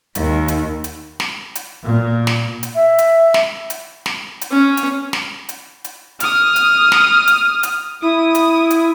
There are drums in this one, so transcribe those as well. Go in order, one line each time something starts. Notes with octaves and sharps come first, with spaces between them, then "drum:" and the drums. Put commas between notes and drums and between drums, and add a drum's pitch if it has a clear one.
D#2, drum: hi-hat
drum: hi-hat
drum: hi-hat
drum: snare
drum: hi-hat
A#2
drum: snare
drum: hi-hat
E5
drum: hi-hat
drum: snare
drum: hi-hat
drum: snare
drum: hi-hat
C#4
drum: hi-hat
drum: snare
drum: hi-hat
drum: hi-hat
D#6 F6, drum: hi-hat
drum: hi-hat
drum: snare
drum: hi-hat
drum: hi-hat
E4 D#6
drum: hi-hat
drum: hi-hat